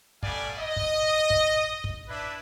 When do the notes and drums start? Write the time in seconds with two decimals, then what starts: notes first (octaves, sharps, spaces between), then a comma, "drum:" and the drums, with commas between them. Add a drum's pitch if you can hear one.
0.23 G3 A3 B3 D5 F5 G#5, drum: kick
0.59 D#5
0.76 drum: kick
1.30 drum: kick
1.84 drum: kick
2.09 D4 E4 B4